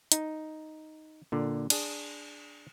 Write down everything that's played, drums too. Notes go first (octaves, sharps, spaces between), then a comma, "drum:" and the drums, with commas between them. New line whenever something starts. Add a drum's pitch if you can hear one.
D#4, drum: hi-hat
A#2 D3
D4 G#4, drum: cymbal